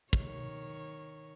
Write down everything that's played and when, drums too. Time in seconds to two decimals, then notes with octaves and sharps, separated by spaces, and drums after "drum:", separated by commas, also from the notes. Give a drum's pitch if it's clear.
0.13 D#3 C#5, drum: kick